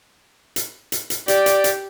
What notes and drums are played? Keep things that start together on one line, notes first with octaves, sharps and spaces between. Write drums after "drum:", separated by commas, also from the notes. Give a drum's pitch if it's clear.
drum: hi-hat
drum: hi-hat
drum: hi-hat
G4 D5, drum: hi-hat
drum: hi-hat
drum: hi-hat